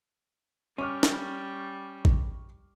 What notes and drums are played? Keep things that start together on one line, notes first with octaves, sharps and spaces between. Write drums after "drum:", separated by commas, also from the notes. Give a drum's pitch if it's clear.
G3 C#4 C#6 D6 F6
drum: snare
drum: kick A1